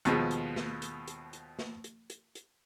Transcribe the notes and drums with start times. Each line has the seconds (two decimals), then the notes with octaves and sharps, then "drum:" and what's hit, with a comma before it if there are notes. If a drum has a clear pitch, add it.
0.05 D#2 B2 F3 G#3, drum: hi-hat
0.31 drum: hi-hat
0.56 drum: snare
0.82 drum: hi-hat
1.08 drum: hi-hat
1.33 drum: hi-hat
1.59 drum: snare
1.84 drum: hi-hat
2.10 drum: hi-hat
2.35 drum: hi-hat